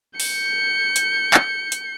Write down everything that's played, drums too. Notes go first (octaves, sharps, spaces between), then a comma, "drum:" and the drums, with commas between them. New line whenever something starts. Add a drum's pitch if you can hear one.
G6 C#7, drum: open hi-hat
drum: hi-hat
drum: clap
drum: hi-hat